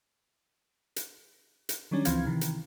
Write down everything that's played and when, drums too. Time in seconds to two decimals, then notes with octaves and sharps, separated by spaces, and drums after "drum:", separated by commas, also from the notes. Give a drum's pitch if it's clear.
0.96 drum: hi-hat
1.69 drum: hi-hat
1.91 D#3 F#3 G3 C#4 D4
2.05 C#2 E3 F3 C4 F5 G#6, drum: hi-hat
2.25 C3 D#3 E3
2.41 drum: hi-hat